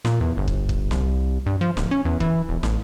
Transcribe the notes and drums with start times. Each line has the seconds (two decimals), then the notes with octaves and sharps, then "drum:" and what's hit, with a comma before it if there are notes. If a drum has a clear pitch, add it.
0.05 A#2, drum: snare
0.21 E2
0.37 G1
0.48 drum: kick
0.69 drum: kick
0.91 C2, drum: snare
1.46 G2
1.61 F3
1.77 D1, drum: snare
1.91 C#4
2.05 E2
2.20 E3, drum: kick
2.49 E1
2.63 A1, drum: snare